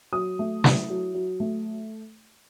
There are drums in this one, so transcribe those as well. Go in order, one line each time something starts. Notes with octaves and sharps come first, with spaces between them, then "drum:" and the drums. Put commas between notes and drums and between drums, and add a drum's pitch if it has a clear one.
F#3 D#6
A3
E4, drum: snare
F#3
F#3
A3